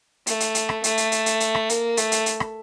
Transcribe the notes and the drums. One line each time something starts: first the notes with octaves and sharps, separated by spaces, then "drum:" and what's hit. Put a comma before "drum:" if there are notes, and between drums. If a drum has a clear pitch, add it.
A3, drum: hi-hat
drum: hi-hat
drum: hi-hat
drum: rim click
A3, drum: hi-hat
drum: hi-hat
drum: hi-hat
drum: hi-hat
drum: hi-hat
drum: rim click
A#3, drum: hi-hat
A3, drum: hi-hat
drum: hi-hat
drum: hi-hat
drum: rim click